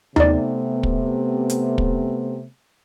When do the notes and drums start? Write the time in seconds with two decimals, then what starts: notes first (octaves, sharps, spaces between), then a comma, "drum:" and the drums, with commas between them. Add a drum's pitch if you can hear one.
0.16 C3 A3 B3 D#4 D5, drum: tom D#2
0.83 drum: kick
1.50 drum: hi-hat
1.78 drum: kick